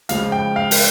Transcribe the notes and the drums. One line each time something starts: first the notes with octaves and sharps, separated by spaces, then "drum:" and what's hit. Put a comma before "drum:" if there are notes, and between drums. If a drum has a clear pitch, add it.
C#2 C#3 F3 F5, drum: hi-hat
G5
F5
drum: open hi-hat